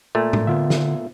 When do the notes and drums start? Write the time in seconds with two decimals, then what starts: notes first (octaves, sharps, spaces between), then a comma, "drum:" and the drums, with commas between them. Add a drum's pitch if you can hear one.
0.15 A#2 A3
0.33 drum: tom A2
0.47 D3 B3 F4 E5
0.70 drum: snare